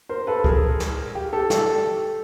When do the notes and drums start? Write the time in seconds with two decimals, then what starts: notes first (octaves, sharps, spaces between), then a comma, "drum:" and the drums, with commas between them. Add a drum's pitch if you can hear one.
0.09 A#4 C5
0.27 A4 B4
0.44 G#4 A#4, drum: kick C#2
0.80 drum: snare
1.15 G4
1.33 G4 A4
1.50 G4 A4, drum: snare